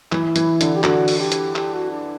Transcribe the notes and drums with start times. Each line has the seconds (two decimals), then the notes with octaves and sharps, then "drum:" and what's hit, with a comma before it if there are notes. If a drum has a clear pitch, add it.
0.12 E3 E4, drum: clap
0.36 E3, drum: hi-hat
0.61 D3, drum: hi-hat
0.75 G4
0.84 D3 F#4, drum: clap
1.08 drum: open hi-hat
1.20 G4
1.32 drum: hi-hat
1.56 G4, drum: clap
1.74 F#4
1.91 D4